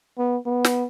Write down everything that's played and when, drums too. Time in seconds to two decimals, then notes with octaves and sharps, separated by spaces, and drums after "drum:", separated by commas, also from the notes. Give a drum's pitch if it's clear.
0.17 B3
0.46 B3
0.65 drum: snare